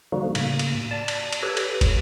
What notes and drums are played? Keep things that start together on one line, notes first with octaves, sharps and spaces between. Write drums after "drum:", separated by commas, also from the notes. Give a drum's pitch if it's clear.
D3 F3 G3 A#3 D#4 F#4
A2 C#3 A#3, drum: cymbal
drum: cymbal
D5 A5
drum: cymbal
drum: cymbal
G4 A4 B4 C#5
drum: cymbal
drum: kick, cymbal